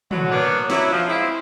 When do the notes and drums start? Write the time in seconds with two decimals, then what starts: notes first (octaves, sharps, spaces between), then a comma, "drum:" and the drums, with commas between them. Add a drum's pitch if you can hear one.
0.11 A2 D3 F#3, drum: tom
0.31 A#3 B3 D4 C#5 D5
0.70 F#3 E4, drum: snare
0.91 F3
1.08 G#3 C4 E4